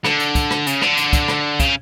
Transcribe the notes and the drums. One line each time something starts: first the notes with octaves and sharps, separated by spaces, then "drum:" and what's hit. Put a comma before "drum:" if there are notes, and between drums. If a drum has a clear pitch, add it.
D3, drum: rim click
drum: hi-hat
drum: kick, hi-hat
drum: rim click
C#3, drum: hi-hat
D3, drum: rim click
drum: hi-hat
drum: kick, hi-hat
drum: rim click
C#3, drum: kick, hi-hat